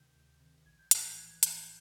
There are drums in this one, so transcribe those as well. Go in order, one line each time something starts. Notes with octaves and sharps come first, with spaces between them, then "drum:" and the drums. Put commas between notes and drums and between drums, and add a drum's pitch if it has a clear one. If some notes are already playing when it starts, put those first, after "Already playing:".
Already playing: D2 C3 D#3 G6
D2
C3 D#3
A#1 G#6
G6
A2 E3 F#6, drum: hi-hat
G6
A#1 G#6
A2 E3 G6, drum: hi-hat